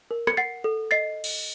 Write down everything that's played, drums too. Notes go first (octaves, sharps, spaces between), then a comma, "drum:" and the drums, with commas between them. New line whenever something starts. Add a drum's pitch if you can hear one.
A#4
C#7, drum: rim click
F#5 A6 C7
A4
D#5 A6 C7
drum: cymbal